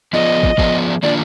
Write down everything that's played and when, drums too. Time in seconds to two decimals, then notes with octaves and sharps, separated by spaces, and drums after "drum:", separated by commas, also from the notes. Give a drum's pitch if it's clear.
0.13 F3 B3 F4 G#4 D5 D#5
0.43 drum: kick
0.58 F3 B3 F4 G#4 D5, drum: kick
1.02 D#3 A#3 D4 F4 D5